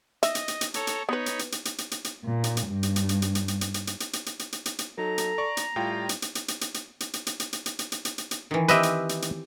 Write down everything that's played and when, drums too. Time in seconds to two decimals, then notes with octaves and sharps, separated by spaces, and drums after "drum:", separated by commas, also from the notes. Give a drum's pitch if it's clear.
0.23 D#5 E5, drum: hi-hat
0.35 drum: hi-hat
0.48 drum: hi-hat
0.61 drum: hi-hat
0.74 A4 C#5 A#5, drum: hi-hat
0.87 drum: hi-hat
1.09 B3 D#4 B4 C#5 B5
1.26 drum: hi-hat
1.39 drum: hi-hat
1.52 drum: hi-hat
1.65 drum: hi-hat
1.78 drum: hi-hat
1.91 drum: hi-hat
2.04 drum: hi-hat
2.25 A#2
2.44 drum: hi-hat
2.57 drum: hi-hat
2.68 G2
2.83 drum: hi-hat
2.96 drum: hi-hat
3.09 drum: hi-hat
3.22 drum: hi-hat
3.35 drum: hi-hat
3.48 drum: hi-hat
3.61 drum: hi-hat
3.74 drum: hi-hat
3.87 drum: hi-hat
4.00 drum: hi-hat
4.13 drum: hi-hat
4.26 drum: hi-hat
4.39 drum: hi-hat
4.52 drum: hi-hat
4.66 drum: hi-hat
4.79 drum: hi-hat
4.98 F#3 D#4 A4 A#5
5.18 drum: hi-hat
5.38 D5 C#6
5.57 drum: hi-hat
5.76 A2 G3 F4 G5
6.09 drum: hi-hat
6.22 drum: hi-hat
6.35 drum: hi-hat
6.48 drum: hi-hat
6.61 drum: hi-hat
6.74 drum: hi-hat
7.00 drum: hi-hat
7.13 drum: hi-hat
7.27 drum: hi-hat
7.40 drum: hi-hat
7.53 drum: hi-hat
7.66 drum: hi-hat
7.79 drum: hi-hat
7.92 drum: hi-hat
8.05 drum: hi-hat
8.18 drum: hi-hat
8.31 drum: hi-hat
8.51 D#3 E3
8.69 C4 G4 B4 D#5 E5, drum: hi-hat
8.83 drum: hi-hat
9.09 drum: hi-hat
9.22 drum: hi-hat